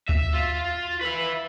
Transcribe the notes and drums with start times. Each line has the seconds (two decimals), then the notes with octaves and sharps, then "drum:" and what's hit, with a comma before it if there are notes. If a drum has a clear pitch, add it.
0.09 E5, drum: kick D2
0.34 F4
1.01 B4 E5